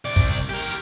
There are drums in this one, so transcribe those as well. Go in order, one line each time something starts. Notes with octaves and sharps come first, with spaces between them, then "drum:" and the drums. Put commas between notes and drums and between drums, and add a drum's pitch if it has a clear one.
C2 D5
drum: kick
G4 A#4